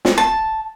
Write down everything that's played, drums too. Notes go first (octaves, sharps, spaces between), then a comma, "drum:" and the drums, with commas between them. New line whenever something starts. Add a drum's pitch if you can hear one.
drum: snare
A5